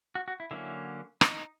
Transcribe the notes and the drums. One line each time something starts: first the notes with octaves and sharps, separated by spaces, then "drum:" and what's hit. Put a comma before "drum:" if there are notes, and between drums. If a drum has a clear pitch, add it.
F#4
F#4
E4
D3 F#3 A#3 C#4 E4
D#4, drum: rim click